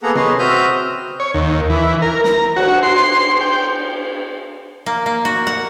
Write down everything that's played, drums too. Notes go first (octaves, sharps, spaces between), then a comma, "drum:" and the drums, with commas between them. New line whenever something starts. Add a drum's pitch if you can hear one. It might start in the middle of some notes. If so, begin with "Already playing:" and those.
A#3 B3 G#4 A4 F#5 A#5
C#4 G#4 B4 D#5 A#5 C6, drum: tom C3
C4 F#4 E5 D#6 F6 G6
C#5
D#2
E3
A#4
A#5, drum: snare
F#4, drum: cymbal
C6
G5
A#3
A#3
F#4
F#5